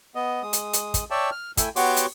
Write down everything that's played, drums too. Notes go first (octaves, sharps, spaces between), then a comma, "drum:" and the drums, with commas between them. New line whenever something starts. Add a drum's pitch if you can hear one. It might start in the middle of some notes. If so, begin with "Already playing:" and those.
B3 D#5
G#3 D#6
drum: hi-hat
drum: hi-hat
drum: kick, hi-hat
C#5 D5 E5 G5 A5
F6
A3 E4 E5 G5 G#5, drum: kick, hi-hat
B3 F#4 G4 C#5 C6 D6, drum: open hi-hat
drum: hi-hat